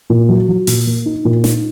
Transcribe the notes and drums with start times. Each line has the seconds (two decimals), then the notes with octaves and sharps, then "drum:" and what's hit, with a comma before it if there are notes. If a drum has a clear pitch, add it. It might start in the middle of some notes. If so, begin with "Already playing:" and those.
0.10 A#2
0.29 F#3
0.48 F#3
0.67 A#2, drum: open hi-hat
0.87 A#3
1.06 D#4
1.25 A#2
1.44 D#4, drum: snare